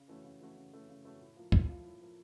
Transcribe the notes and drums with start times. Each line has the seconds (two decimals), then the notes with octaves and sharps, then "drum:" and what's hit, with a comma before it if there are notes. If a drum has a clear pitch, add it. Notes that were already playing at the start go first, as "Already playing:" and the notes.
Already playing: C#3
0.08 E3 A3 C#4 F#4
0.24 C#3
0.40 E3 A3 C#4 F#4
0.57 C#3
0.73 E3 A3 C#4 F#4
0.89 C#3
1.04 E3 A3 C#4 F#4
1.20 A2
1.36 F3 A#3
1.52 A2, drum: kick
1.69 F3 A#3
1.85 A2
2.01 F3 A#3